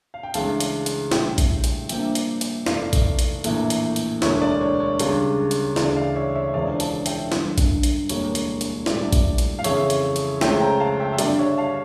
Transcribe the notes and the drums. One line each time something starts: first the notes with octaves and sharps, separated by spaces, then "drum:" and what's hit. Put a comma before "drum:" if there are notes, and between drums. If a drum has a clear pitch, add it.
F5
G5
C#2 C#3 E3 A3 D4 F5 A5, drum: hi-hat
drum: hi-hat
drum: hi-hat
A#1 A2 G3 E5 G5, drum: snare
drum: kick A#1, hi-hat
drum: hi-hat
G2 F3 A#3 D4 E5 G5, drum: hi-hat
drum: hi-hat
drum: hi-hat
F1 F2 E3 D5 F5, drum: snare
drum: kick A#1, hi-hat
drum: hi-hat
A#1 A2 E3 A#3, drum: hi-hat
drum: hi-hat
drum: hi-hat
E1 D2 D3 C#5 E5, drum: snare
D5
C#5
C#5
C#2 C#3 G3 D4, drum: hi-hat
drum: hi-hat
D2 C#3 E3 A3 D5, drum: snare
D5 F5
C#5 E5
C#5 E5
E1 E2 D3 F3 C#4 D5 F5
F5 A5, drum: hi-hat
E5 G5, drum: hi-hat
G1 G2 D3, drum: snare
drum: kick A#1, hi-hat
drum: hi-hat
E1 D2 D3 G3 A#3 C#5, drum: hi-hat
drum: hi-hat
drum: hi-hat
A#1 A2 G3 D5, drum: snare
drum: kick A#1, hi-hat
drum: hi-hat
F5
F2 C#3 E3 C#5 E5, drum: hi-hat
drum: hi-hat
drum: hi-hat
C#2 C#3 F3 A3 C#4 E5 G5, drum: snare
G5 A#5
F5 A5
E5 G5
E5
G2 D3 G3 D5 F5, drum: hi-hat
C#5 E5
F5 A5